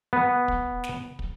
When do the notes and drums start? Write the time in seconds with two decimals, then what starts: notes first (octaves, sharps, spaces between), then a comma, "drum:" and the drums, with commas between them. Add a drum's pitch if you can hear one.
0.13 B3
0.48 drum: kick
0.84 drum: snare
1.19 drum: kick